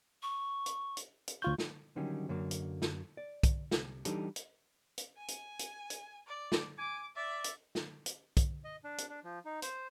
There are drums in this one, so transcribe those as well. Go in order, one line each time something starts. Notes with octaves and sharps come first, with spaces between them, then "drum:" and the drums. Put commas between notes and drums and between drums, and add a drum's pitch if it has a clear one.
C#6
drum: hi-hat
drum: hi-hat
drum: hi-hat
D2 F4 C#6 G6
drum: snare
D3 D#3 F#3 G3 C#4
F#2 D3 F#3 A#3
drum: hi-hat
drum: snare
D5
drum: kick, hi-hat
C2, drum: snare
E3 G3 D4 D#4 G4 A4, drum: hi-hat
drum: hi-hat
drum: hi-hat
G#5
drum: hi-hat
drum: hi-hat
drum: hi-hat
D5
drum: snare
G#5 D6
D5 E5
drum: hi-hat
drum: snare
drum: hi-hat
drum: kick, hi-hat
D#5
D4
drum: hi-hat
D4
F3
D#4
C5, drum: hi-hat